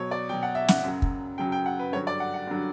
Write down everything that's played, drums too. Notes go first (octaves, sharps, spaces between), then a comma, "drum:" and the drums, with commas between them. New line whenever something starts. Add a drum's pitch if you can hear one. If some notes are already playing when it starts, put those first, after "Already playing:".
Already playing: B2 F#3 C#5
D5
B2 F#3 G5
F#5
E5
F#5, drum: snare
F#2 C#3 F#3
drum: kick
F#2 C#3 F#3 G5
G5
F#5
B4
G2 D3 F#3 C#5
D5
F#5
F#5
G2 D3 F#3